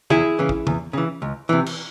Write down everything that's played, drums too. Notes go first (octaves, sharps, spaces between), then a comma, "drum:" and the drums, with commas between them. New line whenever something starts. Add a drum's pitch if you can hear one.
E2 E4 G#4, drum: tom
C#3 E3
drum: kick
E2, drum: tom
C#3 E3
C#2
C3 E3
drum: cymbal